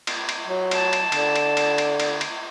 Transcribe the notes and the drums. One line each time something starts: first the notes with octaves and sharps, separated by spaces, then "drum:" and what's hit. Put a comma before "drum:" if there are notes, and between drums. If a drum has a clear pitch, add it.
drum: cymbal
drum: cymbal
F#3
A5, drum: cymbal
drum: cymbal
D3, drum: cymbal
drum: cymbal
drum: cymbal
drum: cymbal
drum: cymbal
drum: cymbal